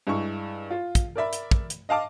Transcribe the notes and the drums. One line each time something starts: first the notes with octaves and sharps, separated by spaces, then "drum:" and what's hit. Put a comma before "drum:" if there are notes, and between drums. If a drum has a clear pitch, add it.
G2 G#3 E4 C#6
F4
drum: kick, hi-hat
A#4 D5 E5 B5
drum: hi-hat
drum: kick
drum: hi-hat
D#5 F5 A5 D6